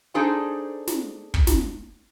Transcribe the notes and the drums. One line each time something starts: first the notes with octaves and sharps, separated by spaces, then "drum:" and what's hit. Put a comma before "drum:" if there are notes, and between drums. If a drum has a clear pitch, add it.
D4 D#4 G#4 A4 C5 G#5
drum: snare
drum: kick
drum: snare